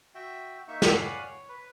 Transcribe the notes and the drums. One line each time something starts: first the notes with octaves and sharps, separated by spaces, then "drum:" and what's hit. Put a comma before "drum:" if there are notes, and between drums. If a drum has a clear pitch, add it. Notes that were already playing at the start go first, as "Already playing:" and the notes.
F#4 E5 G5
A#3 D#4 E5 C#6
drum: snare
C#5 D5 F5 F#5 G#5 B5
C#5
B4